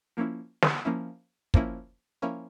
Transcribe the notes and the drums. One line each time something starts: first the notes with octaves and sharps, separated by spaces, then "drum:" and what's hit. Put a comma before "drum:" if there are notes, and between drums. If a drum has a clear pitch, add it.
F3 A#3 C#4 E4
drum: snare
F3 A#3 C#4 E4
F3 A#3 C#4 E4, drum: kick
F3 A#3 C#4 E4